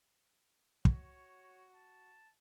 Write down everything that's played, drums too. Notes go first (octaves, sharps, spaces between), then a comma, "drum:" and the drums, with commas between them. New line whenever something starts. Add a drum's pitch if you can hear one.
F#4 C#5, drum: kick
A5